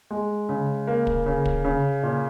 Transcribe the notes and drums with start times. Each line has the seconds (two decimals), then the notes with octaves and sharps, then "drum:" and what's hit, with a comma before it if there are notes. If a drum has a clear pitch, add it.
0.11 G#3
0.49 C#3
0.87 A#3
1.07 drum: kick
1.26 C#3
1.45 drum: kick
1.64 C#3
2.03 A#2